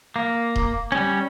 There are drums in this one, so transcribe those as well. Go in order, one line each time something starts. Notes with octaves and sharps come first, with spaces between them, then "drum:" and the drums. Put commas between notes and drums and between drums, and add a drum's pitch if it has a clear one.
A#3
drum: kick D#1
G3 C#4